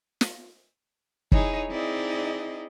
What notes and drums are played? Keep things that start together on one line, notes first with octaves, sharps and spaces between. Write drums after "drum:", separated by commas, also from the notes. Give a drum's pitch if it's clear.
drum: snare
D#4 E4 G#4 C#5, drum: kick
C4 D#4 E4 G#4 D5 D#5